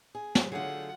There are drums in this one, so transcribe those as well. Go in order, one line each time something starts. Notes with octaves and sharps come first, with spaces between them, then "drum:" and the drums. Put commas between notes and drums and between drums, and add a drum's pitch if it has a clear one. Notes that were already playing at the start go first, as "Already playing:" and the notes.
G#4
drum: snare
D3 F#3 A3 F4 G#4 F#5